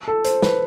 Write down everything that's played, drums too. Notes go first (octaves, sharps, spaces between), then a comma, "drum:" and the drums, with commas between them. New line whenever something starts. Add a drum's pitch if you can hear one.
A4
C5, drum: hi-hat
B4, drum: snare